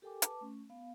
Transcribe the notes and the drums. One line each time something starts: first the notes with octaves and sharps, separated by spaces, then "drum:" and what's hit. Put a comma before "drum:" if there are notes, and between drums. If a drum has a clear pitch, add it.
G4 A4 A#4 G5 G#5 D6
B4 A5 D6, drum: hi-hat
A3 C#4
B3 F5